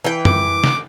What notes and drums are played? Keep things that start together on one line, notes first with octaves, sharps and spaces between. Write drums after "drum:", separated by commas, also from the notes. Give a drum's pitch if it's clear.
E3 G5
D6, drum: tom F#2
drum: snare